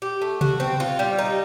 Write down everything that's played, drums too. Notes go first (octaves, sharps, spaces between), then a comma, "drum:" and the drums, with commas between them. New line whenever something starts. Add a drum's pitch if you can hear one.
G4
A3
F#4, drum: tom C3
C4
F4
G3
D#4